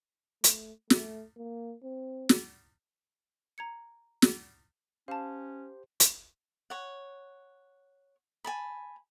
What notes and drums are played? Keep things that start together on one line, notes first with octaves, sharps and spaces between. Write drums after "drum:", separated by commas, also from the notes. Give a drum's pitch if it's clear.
A3, drum: hi-hat
A3, drum: snare
A#3
C4
drum: snare
A#5 G#6 C#7
drum: snare
C#4 G4 C5 F5 A5
drum: hi-hat
C#5 F#5
G#5 A5 B5